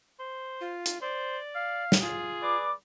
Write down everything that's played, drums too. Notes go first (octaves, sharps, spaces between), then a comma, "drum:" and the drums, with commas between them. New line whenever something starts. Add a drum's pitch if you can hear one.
C5
F4
drum: hi-hat
C5 D5
F5
drum: snare
F4 G#4
B4 D5 D6